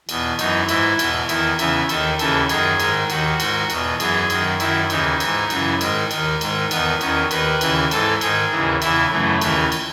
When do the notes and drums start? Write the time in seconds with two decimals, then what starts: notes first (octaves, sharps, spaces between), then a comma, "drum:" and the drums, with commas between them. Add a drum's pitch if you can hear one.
0.09 E2 B2, drum: cymbal
0.39 F#2 E3 D#4, drum: cymbal
0.69 G#2 E3 E4, drum: cymbal
0.99 E2 B2, drum: cymbal
1.29 E2 D#3 E4, drum: cymbal
1.59 E2 C#3 E3 E4, drum: cymbal
1.89 D#2 D#3 A4, drum: cymbal
2.19 D#2 C#3 E3 A4, drum: cymbal
2.49 F#2 D#3 G#4, drum: cymbal
2.80 G#2 D#3, drum: cymbal
3.10 D#2 D#3 F#4, drum: cymbal
3.40 G#2 D#3, drum: cymbal
3.70 E2 B2, drum: cymbal
4.00 F#2 E3 G#4, drum: cymbal
4.30 F#2 D#3, drum: cymbal
4.60 F#2 D#3 E4, drum: cymbal
4.90 D#2 C#3 E3 D#4, drum: cymbal
5.20 G#2 E3, drum: cymbal
5.50 F#2 C#3 E3, drum: cymbal
5.81 G#2 D#3, drum: cymbal
6.11 D#2 D#3, drum: cymbal
6.41 G#2 D#3, drum: cymbal
6.71 E2 D#3 B3, drum: cymbal
7.01 E2 D#3 C#4, drum: cymbal
7.31 D#2 D#3 B4, drum: cymbal
7.61 D#2 C#3 E3, drum: cymbal
7.91 G#2 E3 A4, drum: cymbal
8.21 G#2 D#3 G#4, drum: cymbal
8.51 D#2 C#3 E3
8.82 E2 C#3 E3 E4, drum: cymbal
9.12 F#2 C#3 E3 A3
9.41 D#2 C#3 E3, drum: cymbal
9.72 drum: cymbal